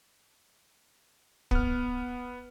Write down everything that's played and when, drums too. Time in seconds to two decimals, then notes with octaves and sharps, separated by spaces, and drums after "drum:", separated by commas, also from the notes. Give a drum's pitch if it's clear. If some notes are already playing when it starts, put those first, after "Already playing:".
1.51 B3 F6, drum: kick